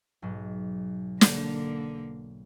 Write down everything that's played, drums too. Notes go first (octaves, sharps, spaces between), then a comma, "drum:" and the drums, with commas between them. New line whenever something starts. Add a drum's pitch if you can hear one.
B1 G#2 F#3
D3 A#3, drum: snare